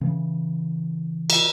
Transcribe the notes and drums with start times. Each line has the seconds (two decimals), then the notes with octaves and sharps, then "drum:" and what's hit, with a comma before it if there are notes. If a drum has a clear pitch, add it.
0.01 C#3 E3
1.30 drum: cymbal